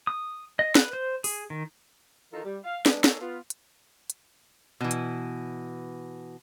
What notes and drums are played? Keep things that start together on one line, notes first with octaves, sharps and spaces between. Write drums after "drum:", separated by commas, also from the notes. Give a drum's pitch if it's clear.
D#6
D#5
B4, drum: snare
C5
G#4, drum: open hi-hat
D#3
D#3 E3 D#4 F4 A4 A#4
G3
F5
G#3 B3 D4, drum: snare
A#3 C#4 D#4 G#4 A4, drum: snare
B3 F4
drum: hi-hat
drum: hi-hat
B2 E3
drum: hi-hat